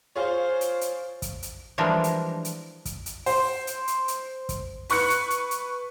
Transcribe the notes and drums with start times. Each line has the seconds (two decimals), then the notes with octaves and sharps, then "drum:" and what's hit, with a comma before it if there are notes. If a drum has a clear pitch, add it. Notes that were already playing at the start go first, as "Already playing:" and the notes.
0.16 F4 G#4 C5 C#5
0.61 drum: hi-hat
0.81 drum: hi-hat
1.22 drum: kick, hi-hat
1.43 drum: hi-hat
1.78 E3 F3 G3 G#3 D4 A#4
2.04 drum: hi-hat
2.45 drum: hi-hat
2.85 drum: kick, hi-hat
3.06 drum: hi-hat
3.26 C5, drum: open hi-hat
3.67 drum: hi-hat
3.88 drum: hi-hat
4.08 drum: hi-hat
4.49 drum: kick, hi-hat
4.90 B4 C#6 F#6 C#7, drum: open hi-hat
5.10 drum: hi-hat
5.30 drum: hi-hat
5.51 drum: hi-hat